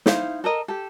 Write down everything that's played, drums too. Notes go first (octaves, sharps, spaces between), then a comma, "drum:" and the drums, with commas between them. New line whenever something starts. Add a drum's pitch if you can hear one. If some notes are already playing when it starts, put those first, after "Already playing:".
D#4 E4 C5 F5, drum: snare
A4 A#4 D#5
G4 A4